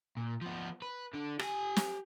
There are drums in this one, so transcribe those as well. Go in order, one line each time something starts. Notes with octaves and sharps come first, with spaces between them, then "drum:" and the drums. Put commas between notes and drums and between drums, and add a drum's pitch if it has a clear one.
A#2
F3 B3
B4
D3 D4
G4 G#5, drum: rim click
drum: snare